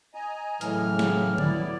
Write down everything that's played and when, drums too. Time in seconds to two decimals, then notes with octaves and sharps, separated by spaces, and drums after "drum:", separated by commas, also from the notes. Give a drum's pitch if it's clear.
0.14 D#5 G#5 A#5
0.61 A2 C#3 E3 F#3 F6, drum: hi-hat
0.99 drum: snare
1.38 F#3 B3 E4 D5, drum: tom D3